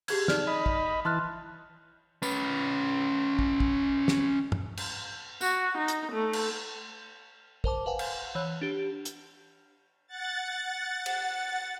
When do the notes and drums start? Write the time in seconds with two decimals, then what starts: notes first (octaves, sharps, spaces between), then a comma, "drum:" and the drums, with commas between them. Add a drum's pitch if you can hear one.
0.08 G4 G#4 G#6, drum: cymbal
0.28 D#4 D5 F6, drum: snare
0.47 D#5 B5
0.66 drum: kick
1.05 E3 A5 C6 F6 F#6
2.23 C#4 B4, drum: tambourine
3.39 drum: kick
3.60 drum: kick
4.08 drum: snare
4.52 drum: tom
4.77 drum: cymbal
5.41 F#4, drum: tambourine
5.77 D#4
5.88 drum: hi-hat
6.12 A3
6.33 drum: cymbal
7.64 A#4 C5 A5 D6, drum: kick
7.86 B4 F5 F#5 G#5
7.99 drum: cymbal
8.35 E3 C#5 F#6
8.61 D4 G4
9.05 drum: hi-hat
10.07 F#5 A6
11.06 drum: cymbal